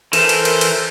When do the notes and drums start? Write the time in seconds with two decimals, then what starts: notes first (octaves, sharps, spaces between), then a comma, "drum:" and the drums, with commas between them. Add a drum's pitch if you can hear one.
0.13 E3 A4 A#4 C5, drum: cymbal
0.29 drum: cymbal
0.45 drum: cymbal
0.61 drum: cymbal